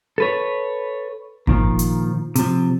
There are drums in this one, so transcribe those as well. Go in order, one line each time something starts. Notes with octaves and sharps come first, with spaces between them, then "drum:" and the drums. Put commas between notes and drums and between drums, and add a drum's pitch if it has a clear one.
A4 B4 C#5
A#2 D#3 F3, drum: kick G#1
drum: hi-hat
C3 F3, drum: hi-hat